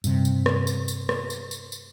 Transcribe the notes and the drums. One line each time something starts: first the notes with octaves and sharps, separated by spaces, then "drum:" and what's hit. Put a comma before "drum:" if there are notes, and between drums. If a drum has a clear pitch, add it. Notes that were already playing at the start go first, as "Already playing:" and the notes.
G2 C3, drum: tambourine
drum: tambourine
drum: rim click
drum: tambourine
drum: tambourine
drum: rim click
drum: tambourine
drum: tambourine
drum: tambourine